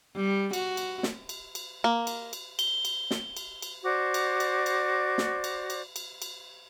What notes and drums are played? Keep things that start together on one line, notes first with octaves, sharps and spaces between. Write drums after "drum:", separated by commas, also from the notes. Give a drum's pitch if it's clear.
G3
F#4, drum: cymbal
drum: cymbal
drum: snare
drum: cymbal
drum: cymbal
A#3
drum: cymbal
drum: cymbal
G7, drum: cymbal
drum: cymbal
drum: snare
drum: cymbal
drum: cymbal
F#4 C5 D5 D6
drum: cymbal
drum: cymbal
drum: cymbal
drum: snare
drum: cymbal
drum: cymbal
drum: cymbal
drum: cymbal